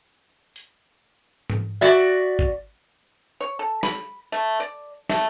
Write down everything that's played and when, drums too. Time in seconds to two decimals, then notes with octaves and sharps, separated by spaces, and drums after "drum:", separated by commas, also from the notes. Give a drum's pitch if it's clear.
0.56 drum: hi-hat
1.50 drum: tom G#2
1.81 F#4 D5 E5
2.39 drum: kick G#1
3.40 C#5
3.59 A4
3.83 B5, drum: snare
4.32 A3
4.60 D5
5.09 A3, drum: snare